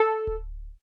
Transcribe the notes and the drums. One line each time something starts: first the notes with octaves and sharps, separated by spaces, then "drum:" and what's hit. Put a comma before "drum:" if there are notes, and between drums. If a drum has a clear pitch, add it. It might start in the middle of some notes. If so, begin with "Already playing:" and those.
Already playing: A4
drum: kick D1